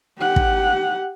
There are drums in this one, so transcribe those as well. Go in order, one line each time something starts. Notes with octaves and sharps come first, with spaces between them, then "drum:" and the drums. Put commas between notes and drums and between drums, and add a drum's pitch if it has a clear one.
G4 F#5
drum: kick